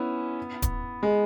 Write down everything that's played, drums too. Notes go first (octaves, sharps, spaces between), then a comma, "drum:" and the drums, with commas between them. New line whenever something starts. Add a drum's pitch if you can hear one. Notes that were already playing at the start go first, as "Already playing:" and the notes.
Already playing: B3 C#4 E4
drum: kick D1, hi-hat
G#3